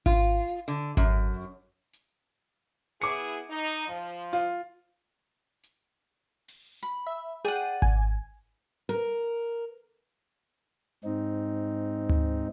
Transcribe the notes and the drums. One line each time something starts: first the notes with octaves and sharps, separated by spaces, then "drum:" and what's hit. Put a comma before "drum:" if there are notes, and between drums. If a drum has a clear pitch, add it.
F4, drum: kick G#1
D3
F#2, drum: kick G#1
drum: hi-hat
B3 E4 G#4 D6 C#7, drum: hi-hat
D#4
drum: hi-hat
F3
F4
drum: hi-hat
drum: open hi-hat
B5
E5
G#4 D5 F#5 G5 D#7
G#5, drum: kick G#1
A#4
G#2 C4 D#4
drum: tom D2